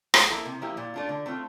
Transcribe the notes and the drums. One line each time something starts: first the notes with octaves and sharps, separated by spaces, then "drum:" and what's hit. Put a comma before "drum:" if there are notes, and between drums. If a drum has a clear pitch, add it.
F3, drum: rim click
A#3 E4 A4
C3
F3 A#3 E4 G4
A#2
A3 D4 F4
D3
A3 C4 F4